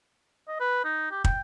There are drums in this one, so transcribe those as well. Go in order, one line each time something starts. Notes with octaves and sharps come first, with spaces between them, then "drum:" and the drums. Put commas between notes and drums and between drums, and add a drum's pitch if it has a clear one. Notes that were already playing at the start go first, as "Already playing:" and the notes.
D#5
B4
D#4
G4
G5, drum: kick